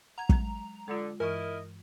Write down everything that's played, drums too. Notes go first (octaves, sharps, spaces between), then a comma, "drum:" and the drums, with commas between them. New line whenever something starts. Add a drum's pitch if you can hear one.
F#5 A#5 G#6
F#3 G#3, drum: kick
D3 G#3 F4
G2 E3 E4 A#4 D#5 C#6